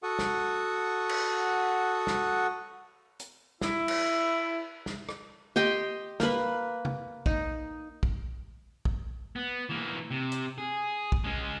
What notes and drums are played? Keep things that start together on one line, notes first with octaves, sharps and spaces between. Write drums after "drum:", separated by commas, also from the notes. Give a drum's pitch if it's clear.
F#4 A4 F#5 C#6 D#6
drum: snare
drum: cymbal
drum: snare
drum: hi-hat
E4, drum: snare
drum: cymbal
drum: snare
drum: rim click
G4 D#5 G5 C6
A#3 B4, drum: snare
drum: tom C3
D#4, drum: kick
drum: kick
drum: kick
B3
E3 A#3
C3
drum: hi-hat
G#4
drum: kick
G#3 C#4